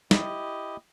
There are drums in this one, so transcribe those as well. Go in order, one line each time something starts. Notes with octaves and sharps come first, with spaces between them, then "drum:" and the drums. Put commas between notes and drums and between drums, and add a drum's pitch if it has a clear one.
E4 G4 D#5, drum: snare